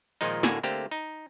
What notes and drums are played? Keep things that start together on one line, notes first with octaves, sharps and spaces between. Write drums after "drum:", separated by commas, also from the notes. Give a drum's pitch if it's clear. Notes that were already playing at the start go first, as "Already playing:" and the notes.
A#2 D#3 F3 G#3 D#4
A2 D3 A#3 F#4 A4 G#5, drum: snare
D3 A3 A#3 C4 G4
D#4